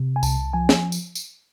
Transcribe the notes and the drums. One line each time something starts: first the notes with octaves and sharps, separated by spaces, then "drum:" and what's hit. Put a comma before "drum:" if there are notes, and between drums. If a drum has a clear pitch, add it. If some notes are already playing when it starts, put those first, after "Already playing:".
Already playing: C3
G#5
C2 A5, drum: tambourine
F3 G#5
drum: snare
drum: tambourine
drum: tambourine